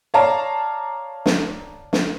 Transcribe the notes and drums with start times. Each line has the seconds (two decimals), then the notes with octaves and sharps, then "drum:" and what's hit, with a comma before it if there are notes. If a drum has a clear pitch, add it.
0.14 C#5 D5 F5 A5 A#5
1.26 drum: snare
1.93 drum: snare